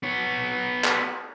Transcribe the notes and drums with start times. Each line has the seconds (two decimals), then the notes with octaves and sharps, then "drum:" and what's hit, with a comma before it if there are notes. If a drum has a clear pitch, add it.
0.03 B3 C#5
0.84 drum: clap